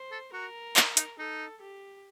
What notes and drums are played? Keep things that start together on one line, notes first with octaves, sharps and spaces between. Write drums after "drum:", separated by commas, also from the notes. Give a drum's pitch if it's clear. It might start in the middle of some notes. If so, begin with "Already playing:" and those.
Already playing: C5
A4
F#4 A#4
D#4, drum: clap
D#4, drum: hi-hat
D#4 A4
G4